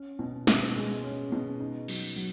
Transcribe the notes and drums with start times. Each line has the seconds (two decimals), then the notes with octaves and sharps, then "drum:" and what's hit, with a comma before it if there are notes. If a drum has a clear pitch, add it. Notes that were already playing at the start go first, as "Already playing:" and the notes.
Already playing: C#4
0.19 B2
0.47 B2, drum: snare
0.76 G#3
1.03 C#4
1.32 B2
1.60 D#4
1.88 F#3, drum: cymbal
2.16 F#3